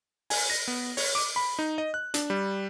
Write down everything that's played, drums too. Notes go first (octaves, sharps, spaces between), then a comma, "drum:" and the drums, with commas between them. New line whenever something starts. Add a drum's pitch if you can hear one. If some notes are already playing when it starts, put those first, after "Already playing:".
G#5, drum: open hi-hat
A#6
B3
C#5, drum: open hi-hat
D6
B5
D#4
D#5
F#6
D4, drum: hi-hat
G3